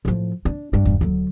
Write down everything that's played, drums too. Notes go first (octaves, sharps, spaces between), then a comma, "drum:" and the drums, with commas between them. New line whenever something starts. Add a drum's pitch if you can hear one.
A2 F3
D4
G2
drum: kick D#2
D3 F#3